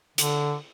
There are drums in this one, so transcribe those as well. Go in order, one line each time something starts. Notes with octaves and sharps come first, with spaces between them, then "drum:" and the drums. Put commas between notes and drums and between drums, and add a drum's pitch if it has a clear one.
D3, drum: hi-hat